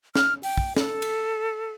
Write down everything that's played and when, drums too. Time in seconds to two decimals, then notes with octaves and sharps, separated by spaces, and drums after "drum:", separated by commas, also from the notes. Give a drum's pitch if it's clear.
0.15 F6, drum: snare
0.43 G5, drum: open hi-hat
0.57 drum: kick
0.77 A4, drum: snare
1.02 drum: cymbal